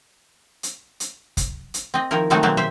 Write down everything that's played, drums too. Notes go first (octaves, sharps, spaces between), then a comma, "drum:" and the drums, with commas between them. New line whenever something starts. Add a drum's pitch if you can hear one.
drum: hi-hat
drum: hi-hat
drum: kick, hi-hat
drum: hi-hat
C4 D#5
D#3 F3 E4 A#4
D#3 F#3 G#3 A3 C4 D#4
B2 F#3 G#3 A#3 C4
G4 C5 E5